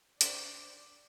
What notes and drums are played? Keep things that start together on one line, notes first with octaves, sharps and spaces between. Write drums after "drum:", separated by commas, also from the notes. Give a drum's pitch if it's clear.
D4 C5 D5, drum: hi-hat